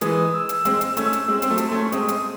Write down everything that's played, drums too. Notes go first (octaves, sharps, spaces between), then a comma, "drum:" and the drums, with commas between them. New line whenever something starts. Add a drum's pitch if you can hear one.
E3 G#3 D#6, drum: hi-hat
E6
drum: hi-hat
G#3 C4, drum: hi-hat
drum: hi-hat
A3 C#4, drum: hi-hat
drum: hi-hat
G#3 C4
C4, drum: hi-hat
F#3 A3
A5, drum: hi-hat
A3 C#4 C6
C#6
G#3 C4 D#6, drum: hi-hat
drum: hi-hat